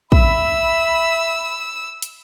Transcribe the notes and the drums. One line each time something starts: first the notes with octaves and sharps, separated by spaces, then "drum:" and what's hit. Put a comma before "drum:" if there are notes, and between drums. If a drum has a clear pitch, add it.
E5 B5 E6, drum: kick
drum: hi-hat